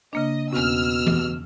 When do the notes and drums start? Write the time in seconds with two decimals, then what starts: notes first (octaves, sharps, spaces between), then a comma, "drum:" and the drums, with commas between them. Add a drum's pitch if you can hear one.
0.13 C#3 A#3 D4 D#5
0.53 E2 B2 C#4 E6 F6
1.06 drum: tom E3